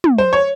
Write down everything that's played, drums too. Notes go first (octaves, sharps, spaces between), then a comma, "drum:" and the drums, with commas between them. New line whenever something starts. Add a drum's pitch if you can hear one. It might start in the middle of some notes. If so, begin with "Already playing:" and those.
drum: tom
C5
C#5